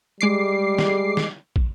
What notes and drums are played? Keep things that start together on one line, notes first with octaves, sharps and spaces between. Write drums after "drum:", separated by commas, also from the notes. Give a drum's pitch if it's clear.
G3 G#3 D6 C7
drum: snare
drum: snare
drum: kick